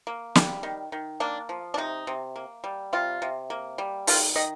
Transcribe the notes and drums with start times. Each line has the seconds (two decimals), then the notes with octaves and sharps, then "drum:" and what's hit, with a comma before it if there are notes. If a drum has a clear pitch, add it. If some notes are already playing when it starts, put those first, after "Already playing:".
0.07 A#3
0.35 G3, drum: snare
0.63 D#3
0.92 D#3
1.20 A#3 D4
1.49 F3
1.74 D4
1.77 C3 D#4
2.07 C3
2.36 A#3
2.64 G3
2.93 C3 F4
3.22 C3
3.50 A#3
3.78 G3
4.07 D#3 F4, drum: open hi-hat
4.36 D#3 D#5